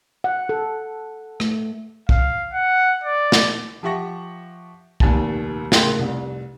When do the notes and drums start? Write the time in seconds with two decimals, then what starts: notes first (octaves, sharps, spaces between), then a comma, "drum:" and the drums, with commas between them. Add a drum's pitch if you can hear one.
0.24 F#5
0.49 A4
1.40 A3, drum: rim click
2.09 F5, drum: kick
2.53 F#5
3.03 D5
3.32 drum: snare
3.83 F3 G4 E5 F#5 C#6 A#6
5.00 F1 D#2 A#2 G#5 A5 A6, drum: kick
5.72 A2 C#3 A#4 G5 C6 F#6, drum: snare
5.99 F1 C2